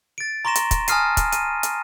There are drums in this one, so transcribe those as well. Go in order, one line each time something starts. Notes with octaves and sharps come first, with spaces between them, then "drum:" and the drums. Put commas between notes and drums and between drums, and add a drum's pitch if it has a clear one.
A6 D7
A#5 C6 C#6 A#6 E7
drum: hi-hat
drum: kick, hi-hat
G#5 A5 D#6 F6 C7 D#7, drum: hi-hat
drum: kick, hi-hat
D#7, drum: hi-hat
drum: hi-hat